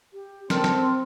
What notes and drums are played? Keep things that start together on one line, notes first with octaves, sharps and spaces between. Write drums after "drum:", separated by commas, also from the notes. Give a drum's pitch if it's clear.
G4
C4 A4 A#4 D5 C6, drum: snare
drum: snare